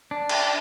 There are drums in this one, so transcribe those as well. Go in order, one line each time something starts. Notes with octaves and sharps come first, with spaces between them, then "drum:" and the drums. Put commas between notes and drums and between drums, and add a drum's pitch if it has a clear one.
D4
drum: cymbal